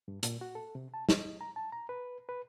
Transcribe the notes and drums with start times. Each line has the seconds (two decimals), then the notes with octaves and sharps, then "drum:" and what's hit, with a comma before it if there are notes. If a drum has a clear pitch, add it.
0.08 G2
0.23 A#2, drum: hi-hat
0.41 F#4
0.55 A4
0.75 C3
0.94 A5
1.09 D#5, drum: snare
1.41 A#5
1.56 A5
1.72 A#5
1.89 B4
2.29 B4